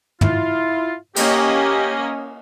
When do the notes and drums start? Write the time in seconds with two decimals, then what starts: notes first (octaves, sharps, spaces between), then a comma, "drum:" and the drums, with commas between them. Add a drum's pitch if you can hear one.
0.21 E4 F4, drum: tom
1.16 A#3 C#4 G4 D#5, drum: cymbal